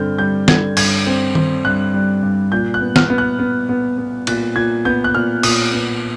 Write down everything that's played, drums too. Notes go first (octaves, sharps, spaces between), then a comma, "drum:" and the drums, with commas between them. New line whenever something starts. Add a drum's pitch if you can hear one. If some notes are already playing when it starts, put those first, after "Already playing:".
Already playing: G2 D3 C4 F6 G6
G3 G6
D3 G#6, drum: snare
G2 G#6, drum: cymbal
C4
C4, drum: tom D#3
G2 F#6
G3
G2
A#2 G6
F#6
B3
F6, drum: snare
B3
F#6
B3
B3
B3
A#2 F#6, drum: cymbal
A#2 G#6
B3 G6
F#6
A#2 F6
A#2 D#6, drum: cymbal
B3